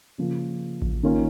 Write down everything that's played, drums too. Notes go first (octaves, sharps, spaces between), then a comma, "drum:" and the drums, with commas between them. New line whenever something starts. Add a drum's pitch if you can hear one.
C#3 F3 A#3
drum: kick A1
D#3 A#3 C#4 F4